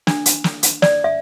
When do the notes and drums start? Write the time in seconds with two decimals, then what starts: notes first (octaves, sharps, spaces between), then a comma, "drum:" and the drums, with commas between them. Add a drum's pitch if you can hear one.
0.07 D4, drum: snare
0.26 drum: hi-hat
0.44 drum: snare
0.63 drum: hi-hat
0.82 D5, drum: snare
1.04 E5